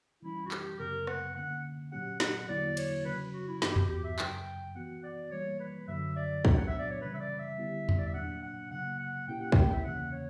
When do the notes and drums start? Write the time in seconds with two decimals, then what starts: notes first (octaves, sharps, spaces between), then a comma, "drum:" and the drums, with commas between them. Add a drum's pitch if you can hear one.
0.22 E3 G3 C#4 E4
0.46 F#4
0.51 G4, drum: clap
0.79 F#2 C#3 F#3 B3 A#4
1.07 F#5, drum: rim click
1.35 D3 A#3 C#4 F#5
1.92 A#2 F#3 C#4 G4 F#5
2.20 F#5, drum: snare
2.48 E2 D3 F#3 A#3 E4 D5
2.77 C#5, drum: cymbal
3.05 C#3 F#3 C#4 B4
3.33 F#4
3.48 E4
3.62 G2 E3 B3 F#4 G4, drum: snare
3.76 G4, drum: tom E2
3.90 G4
4.04 E5
4.19 F#2 C#3 F#3 G5, drum: clap
4.75 E3 B3 F#4 F#5
5.03 D5
5.31 E3 G3 A#3 C#5
5.60 B4
5.88 F#2 D3 F#3 E5
6.16 D5
6.45 A#2 F#3 B3 D4 C#5, drum: kick
6.56 F#5
6.67 E5
6.79 D5
6.90 C#5
7.01 C#3 E3 G3 C#4 B4
7.14 E5
7.20 D5
7.39 E5
7.58 D3 G3 B3 E4 G4
7.89 drum: tom E2
7.98 D5
8.06 E5
8.14 A#2 F#3 A#3 D4 F#5
8.43 F#5
8.71 C#3 F#3 A#3 F#5
8.99 F#5
9.28 A#2 A#3 C#4 E4 G4 G5
9.40 F#5
9.52 G5, drum: kick
9.72 E5
9.84 E2 C#3 E3 A#3 C#4 F#5
10.12 C#5